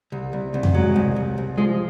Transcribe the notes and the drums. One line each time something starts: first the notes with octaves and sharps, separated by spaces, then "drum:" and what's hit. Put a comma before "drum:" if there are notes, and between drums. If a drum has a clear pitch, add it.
C2
C2
C2
drum: tom F2
F#3 G#3
C2
C2
C2
F3 G#3